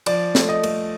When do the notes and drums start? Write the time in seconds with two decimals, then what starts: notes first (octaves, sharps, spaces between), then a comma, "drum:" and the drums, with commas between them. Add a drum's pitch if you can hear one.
0.06 F3 D5, drum: cymbal
0.35 A3, drum: snare
0.49 D#5
0.63 A3, drum: cymbal